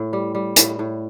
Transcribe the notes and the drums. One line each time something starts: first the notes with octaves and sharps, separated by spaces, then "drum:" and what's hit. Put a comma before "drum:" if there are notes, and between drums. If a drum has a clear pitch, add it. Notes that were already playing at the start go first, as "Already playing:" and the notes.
Already playing: A2
G3
G3
A2, drum: hi-hat
A2